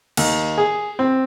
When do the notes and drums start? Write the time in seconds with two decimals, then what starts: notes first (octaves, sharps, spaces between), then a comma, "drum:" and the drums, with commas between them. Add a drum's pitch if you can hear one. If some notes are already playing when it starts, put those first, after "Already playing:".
0.17 D#2, drum: cymbal
0.58 G#4
0.99 C4